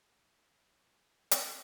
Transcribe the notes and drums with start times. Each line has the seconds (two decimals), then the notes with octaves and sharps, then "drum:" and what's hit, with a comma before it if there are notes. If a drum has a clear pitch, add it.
0.45 F#3
0.68 G#5
1.31 drum: hi-hat